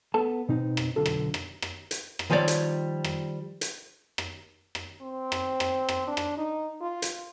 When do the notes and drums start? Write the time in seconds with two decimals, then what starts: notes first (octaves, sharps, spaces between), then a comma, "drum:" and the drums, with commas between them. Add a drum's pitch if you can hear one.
0.14 B3 A4 A5
0.49 B2 C4 D#4
0.77 drum: rim click
0.96 B1 D3 F4 A4
1.06 drum: rim click
1.34 drum: rim click
1.62 drum: rim click
1.91 drum: hi-hat
2.19 drum: rim click
2.30 D#3 F3 G3 C#5 D5
2.48 drum: hi-hat
3.04 drum: rim click
3.61 drum: hi-hat
4.18 drum: rim click
4.75 drum: rim click
5.01 C4
5.32 drum: rim click
5.60 drum: rim click
5.89 drum: rim click
6.07 D4
6.17 drum: rim click
6.38 D#4
6.81 F4
7.02 drum: hi-hat